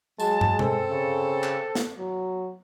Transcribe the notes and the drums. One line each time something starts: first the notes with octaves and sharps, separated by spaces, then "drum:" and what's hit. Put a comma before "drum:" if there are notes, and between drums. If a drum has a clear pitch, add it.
F#3 G#3 G#4 A5, drum: tambourine
drum: tom
C4 A4, drum: tom B2
C#3
drum: clap
drum: snare
F#3